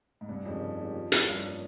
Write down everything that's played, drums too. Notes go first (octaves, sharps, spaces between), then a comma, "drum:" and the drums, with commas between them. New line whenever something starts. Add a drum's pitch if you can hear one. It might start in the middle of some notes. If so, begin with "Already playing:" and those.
G#2
G2 C3
F2 D#3 G#3 C#4 G4
C3
D#3 G#3 C#4 G4
F3
A#3 C#4, drum: hi-hat
G2 F3
A#3 C#4